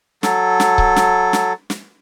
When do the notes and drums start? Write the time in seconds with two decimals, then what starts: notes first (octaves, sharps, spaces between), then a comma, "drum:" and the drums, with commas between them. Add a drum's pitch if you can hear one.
0.23 F#3 A4, drum: snare
0.60 drum: snare
0.78 drum: kick C#1
0.96 drum: snare
1.33 drum: snare
1.70 drum: snare